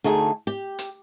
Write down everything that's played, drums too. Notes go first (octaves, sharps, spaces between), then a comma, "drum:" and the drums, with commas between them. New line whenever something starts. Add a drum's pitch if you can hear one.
D2 A3 D#4 G#4
G4
drum: hi-hat